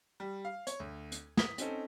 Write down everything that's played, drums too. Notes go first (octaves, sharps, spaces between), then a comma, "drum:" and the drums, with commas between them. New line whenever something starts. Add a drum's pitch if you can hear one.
G3
F5
C#5, drum: hi-hat
D2
drum: hi-hat
D#6 B6, drum: snare
C4 C#4 D#4 A4, drum: hi-hat